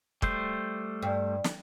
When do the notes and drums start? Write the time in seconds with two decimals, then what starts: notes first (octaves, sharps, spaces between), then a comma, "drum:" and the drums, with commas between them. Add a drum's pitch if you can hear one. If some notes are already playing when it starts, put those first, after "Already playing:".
0.22 G3 A3 C5, drum: kick
1.02 G2
1.44 drum: snare